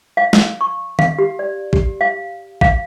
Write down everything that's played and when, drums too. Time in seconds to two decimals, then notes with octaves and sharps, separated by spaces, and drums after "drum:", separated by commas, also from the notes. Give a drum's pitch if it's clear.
0.17 F5
0.33 drum: snare
0.61 C#6
0.99 F5, drum: tom D#3
1.19 G4
1.39 D5
1.73 G4, drum: kick A1
2.01 F5
2.61 F5, drum: kick A1